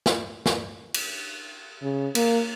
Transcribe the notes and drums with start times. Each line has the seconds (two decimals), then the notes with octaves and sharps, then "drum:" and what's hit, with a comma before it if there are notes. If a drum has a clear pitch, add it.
0.06 drum: snare
0.46 drum: snare
0.94 drum: cymbal
1.82 C#3
2.15 A#3, drum: cymbal